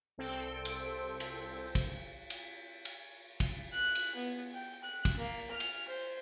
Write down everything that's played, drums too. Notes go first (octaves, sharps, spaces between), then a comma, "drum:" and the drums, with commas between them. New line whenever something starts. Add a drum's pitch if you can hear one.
C2 C4 A4 G5
drum: cymbal
drum: cymbal
drum: kick, cymbal
drum: cymbal
drum: cymbal
drum: kick, cymbal
F#6
drum: cymbal
B3
G5
F#6
drum: kick, cymbal
A#3
F6
drum: cymbal
C5